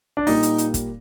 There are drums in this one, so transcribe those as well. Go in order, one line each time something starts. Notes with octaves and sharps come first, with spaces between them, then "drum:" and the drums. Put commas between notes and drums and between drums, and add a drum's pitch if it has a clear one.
D4
A#2 G3 A#3 D#4, drum: open hi-hat
drum: hi-hat
drum: hi-hat
drum: kick, hi-hat